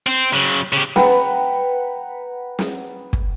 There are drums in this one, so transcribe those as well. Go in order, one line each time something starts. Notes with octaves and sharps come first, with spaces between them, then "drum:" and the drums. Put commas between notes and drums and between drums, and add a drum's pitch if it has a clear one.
C4
C#3 F#3
C#3 G4
B4 F#5 G5 A#5, drum: snare
drum: snare
drum: kick